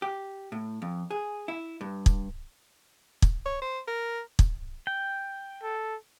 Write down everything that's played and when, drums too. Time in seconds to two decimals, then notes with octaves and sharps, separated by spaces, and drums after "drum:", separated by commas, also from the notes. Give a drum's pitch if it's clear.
0.02 G4
0.52 A2
0.82 F2
1.11 G#4
1.48 E4
1.81 G2
2.06 drum: kick
3.22 drum: kick
3.46 C#5
3.62 C5
3.88 A#4
4.39 drum: kick
4.87 G5
5.63 A4